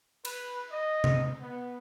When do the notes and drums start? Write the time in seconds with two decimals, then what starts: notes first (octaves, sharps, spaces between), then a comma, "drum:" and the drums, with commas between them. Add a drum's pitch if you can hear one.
0.25 B4, drum: cymbal
0.71 D#5
1.04 drum: tom C3
1.41 B3